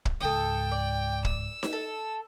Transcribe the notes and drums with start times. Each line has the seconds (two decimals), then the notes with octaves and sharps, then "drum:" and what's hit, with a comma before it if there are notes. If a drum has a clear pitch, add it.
0.05 drum: kick
0.20 C#2 G#2 A4 G5 D#6
0.71 D5
1.25 E6, drum: kick
1.63 drum: snare D#4
1.73 A4